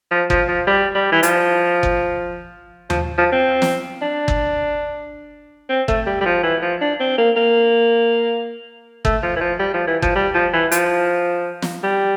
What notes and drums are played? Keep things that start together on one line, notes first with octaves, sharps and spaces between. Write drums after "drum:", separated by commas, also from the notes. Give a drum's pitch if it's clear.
F3
F3, drum: kick G1
F3
G3
G3
E3
F3, drum: hi-hat
drum: kick G1
F3, drum: tom D#2
F3
C4
drum: snare
D4
drum: kick G1
C4
A3, drum: kick G1
G3
G3
F3
E3
F3
D4
C4
A#3
A#3
A3, drum: kick G1
F3
E3
F3
G3
F3
E3
F3, drum: kick G1
G3
F3
E3
F3, drum: hi-hat
drum: snare
G3